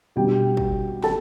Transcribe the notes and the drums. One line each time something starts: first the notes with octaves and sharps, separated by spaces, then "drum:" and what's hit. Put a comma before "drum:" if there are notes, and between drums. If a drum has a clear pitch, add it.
B2 G3 D4 G4 G5
drum: kick
A4 A5, drum: snare